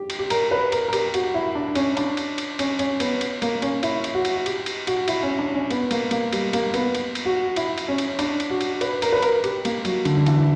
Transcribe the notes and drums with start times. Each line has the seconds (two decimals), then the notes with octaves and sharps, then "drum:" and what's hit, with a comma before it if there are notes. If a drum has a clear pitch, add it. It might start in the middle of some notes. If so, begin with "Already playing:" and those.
Already playing: G4
0.10 drum: cymbal
0.19 G4
0.30 A#4, drum: cymbal
0.51 B4
0.72 A#4, drum: cymbal
0.88 A#4
0.93 G4, drum: cymbal
1.14 F#4, drum: cymbal
1.34 E4
1.55 D4
1.75 C#4, drum: cymbal
1.97 D4, drum: cymbal
2.17 drum: cymbal
2.38 drum: cymbal
2.59 C#4, drum: cymbal
2.79 C#4, drum: cymbal
3.00 B3, drum: cymbal
3.21 drum: cymbal
3.42 A#3, drum: cymbal
3.62 C#4, drum: cymbal
3.83 E4, drum: cymbal
4.04 drum: cymbal
4.14 F#4
4.25 drum: cymbal
4.46 G4, drum: cymbal
4.66 drum: cymbal
4.87 F#4, drum: cymbal
5.08 E4, drum: cymbal
5.23 C#4
5.39 D4
5.54 C#4
5.71 B3, drum: cymbal
5.91 A#3, drum: cymbal
6.11 A#3, drum: cymbal
6.33 G3, drum: cymbal
6.53 A#3, drum: cymbal
6.74 B3, drum: cymbal
6.95 drum: cymbal
7.15 drum: cymbal
7.25 F#4
7.56 E4, drum: cymbal
7.78 drum: cymbal
7.88 C#4
7.98 drum: cymbal
8.19 D4, drum: cymbal
8.40 drum: cymbal
8.50 F#4
8.61 drum: cymbal
8.81 B4, drum: cymbal
9.02 A#4, drum: cymbal
9.12 B4
9.22 A#4, drum: cymbal
9.44 G4, drum: cymbal
9.65 A#3, drum: cymbal
9.85 F#3, drum: cymbal
10.05 D3, drum: cymbal
10.17 D3
10.26 E3, drum: cymbal